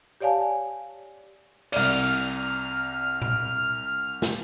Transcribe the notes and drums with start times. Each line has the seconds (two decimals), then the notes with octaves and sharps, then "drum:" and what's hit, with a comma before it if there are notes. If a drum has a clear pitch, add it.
0.21 G4 C#5 D5 F5 G#5 A5
1.72 C2 D5 F6, drum: cymbal
3.22 drum: tom A#2
4.22 drum: snare